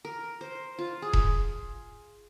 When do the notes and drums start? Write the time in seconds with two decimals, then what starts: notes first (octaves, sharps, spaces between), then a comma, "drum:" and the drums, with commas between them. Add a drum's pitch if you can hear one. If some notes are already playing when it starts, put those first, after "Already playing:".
0.05 A#4
0.41 C5
0.79 F4
1.02 G#4
1.13 drum: kick E1